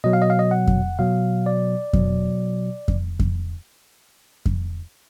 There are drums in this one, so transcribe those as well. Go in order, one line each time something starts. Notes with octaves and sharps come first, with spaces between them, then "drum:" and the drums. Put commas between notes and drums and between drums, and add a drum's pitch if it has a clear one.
B2 F#3 D#5
F5
D#5
F5
D#5
F#5
drum: kick F2
B2 F#3 F5
D5
B2 F#3, drum: kick F2
drum: kick F2
drum: kick F2
drum: kick F2